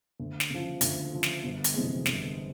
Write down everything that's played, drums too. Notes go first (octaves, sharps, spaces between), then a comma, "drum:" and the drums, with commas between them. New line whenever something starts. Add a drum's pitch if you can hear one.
D2
drum: snare
C#3 F3
D2, drum: hi-hat
C#3 F3
drum: snare
G1
drum: hi-hat
F2 C3 E3 G#3
G1, drum: snare